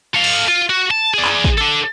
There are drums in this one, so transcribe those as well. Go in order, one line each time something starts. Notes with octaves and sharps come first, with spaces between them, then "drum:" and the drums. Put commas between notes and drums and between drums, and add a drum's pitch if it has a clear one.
A4 F5
drum: cymbal
F4
F#4
A5
G#4 D5
drum: clap
drum: kick
D4 A4